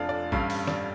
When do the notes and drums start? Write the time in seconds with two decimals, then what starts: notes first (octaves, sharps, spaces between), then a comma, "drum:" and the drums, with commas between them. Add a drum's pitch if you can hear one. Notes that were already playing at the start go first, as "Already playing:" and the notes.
Already playing: F1 F2 F3 A3 D4 F5
0.09 D5
0.32 A1 G2 G3 F5, drum: kick A#1
0.50 drum: open hi-hat
0.67 D5, drum: snare